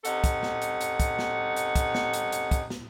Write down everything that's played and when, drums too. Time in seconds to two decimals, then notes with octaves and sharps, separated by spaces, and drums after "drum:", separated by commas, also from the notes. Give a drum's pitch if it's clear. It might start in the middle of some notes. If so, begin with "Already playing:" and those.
0.05 C3 C#4 D#4 A4 F#5, drum: hi-hat
0.24 drum: kick, hi-hat
0.43 drum: snare
0.62 drum: hi-hat
0.81 drum: hi-hat
1.00 drum: kick, hi-hat
1.19 drum: snare
1.57 drum: hi-hat
1.76 drum: kick, hi-hat
1.94 drum: snare
2.13 drum: hi-hat
2.32 drum: hi-hat
2.51 drum: kick, hi-hat
2.70 drum: snare